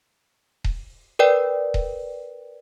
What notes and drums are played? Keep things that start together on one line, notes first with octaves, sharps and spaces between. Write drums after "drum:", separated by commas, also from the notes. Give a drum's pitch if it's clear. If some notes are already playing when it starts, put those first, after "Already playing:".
drum: kick D#1
A#4 B4 D5 G5
drum: kick D#1